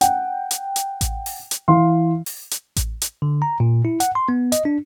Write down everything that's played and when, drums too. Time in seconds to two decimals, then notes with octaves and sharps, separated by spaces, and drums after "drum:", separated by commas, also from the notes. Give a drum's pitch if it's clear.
0.01 F#5 G5, drum: hi-hat
0.51 drum: hi-hat
0.76 drum: hi-hat
1.01 drum: kick A1, hi-hat
1.26 drum: open hi-hat
1.51 drum: hi-hat
1.68 E3 F5 C6
2.26 drum: open hi-hat
2.51 drum: hi-hat
2.76 drum: kick A1, hi-hat
3.02 drum: hi-hat
3.22 D3
3.42 A#5
3.60 A#2
3.85 E4
4.00 F#5, drum: hi-hat
4.15 C6
4.29 B3
4.52 D#5, drum: hi-hat
4.65 D4